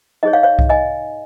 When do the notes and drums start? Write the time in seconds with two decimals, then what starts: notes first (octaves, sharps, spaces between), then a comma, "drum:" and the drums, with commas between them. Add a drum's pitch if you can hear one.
0.23 D#4 G#4 C#5 D#5
0.33 C#5 F5
0.43 C#5 F5
0.59 drum: kick C2
0.69 D#5 G#5